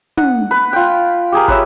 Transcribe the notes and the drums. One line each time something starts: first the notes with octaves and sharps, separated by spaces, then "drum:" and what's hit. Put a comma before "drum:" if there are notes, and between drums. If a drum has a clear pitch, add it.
F#5, drum: tom
B4
F4 G5
G4 G#4 A#4
B4 C#5 E5, drum: kick